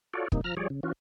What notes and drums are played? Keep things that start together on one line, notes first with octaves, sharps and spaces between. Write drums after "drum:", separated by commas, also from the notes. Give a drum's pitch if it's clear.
F4 F#4 A4 C#5 D5
G2 C3 A#3 D#4, drum: kick
F3 A#5 F6
F3 G3 G#4 C#5 D5
C#3
E3 C#4 F4 F#4